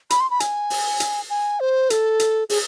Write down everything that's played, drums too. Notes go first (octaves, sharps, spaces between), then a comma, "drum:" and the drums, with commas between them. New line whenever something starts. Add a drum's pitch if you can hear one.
B5, drum: hi-hat
C6
B5
G#5, drum: hi-hat
drum: open hi-hat
drum: hi-hat
G#5
C5
A4, drum: hi-hat
drum: hi-hat
G#4, drum: open hi-hat